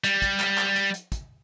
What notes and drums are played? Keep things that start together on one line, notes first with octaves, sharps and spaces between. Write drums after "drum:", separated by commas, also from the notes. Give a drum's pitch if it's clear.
G3, drum: hi-hat
drum: kick, hi-hat
drum: clap
drum: clap
drum: hi-hat
drum: hi-hat
drum: kick, hi-hat